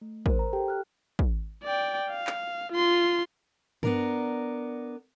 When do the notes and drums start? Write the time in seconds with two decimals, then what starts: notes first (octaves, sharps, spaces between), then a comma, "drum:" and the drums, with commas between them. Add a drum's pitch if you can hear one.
0.01 A3
0.26 A#4 C5, drum: kick
0.39 A#5
0.53 G4 A4 G5
0.68 F6 F#6
1.19 drum: kick
1.64 D5 G5
2.10 F5
2.27 drum: clap
2.72 F4 C6
3.83 B3 D4 A#4, drum: tom G2